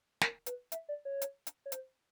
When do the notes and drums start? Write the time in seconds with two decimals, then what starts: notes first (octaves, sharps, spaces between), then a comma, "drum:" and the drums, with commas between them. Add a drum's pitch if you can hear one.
0.21 A#4, drum: snare
0.46 B4, drum: hi-hat
0.72 E5, drum: hi-hat
0.89 D5
1.05 C#5
1.22 drum: hi-hat
1.47 drum: hi-hat
1.66 C#5
1.72 C5, drum: hi-hat